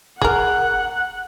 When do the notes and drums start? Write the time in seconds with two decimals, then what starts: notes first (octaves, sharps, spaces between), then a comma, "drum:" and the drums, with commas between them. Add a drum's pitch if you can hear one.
0.22 G#4 A#4 F#5, drum: kick F#1